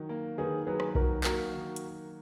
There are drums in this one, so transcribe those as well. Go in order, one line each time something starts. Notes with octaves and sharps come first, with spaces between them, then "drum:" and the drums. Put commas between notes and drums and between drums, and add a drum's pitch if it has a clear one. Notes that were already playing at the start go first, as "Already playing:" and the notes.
Already playing: D#3 F#3
A#3
D#3 G#4 B4
F#3 G#4 B4
drum: rim click
D#3 F#4 A#4, drum: kick B1
A#3 F#4 A#4, drum: clap
D#3
drum: hi-hat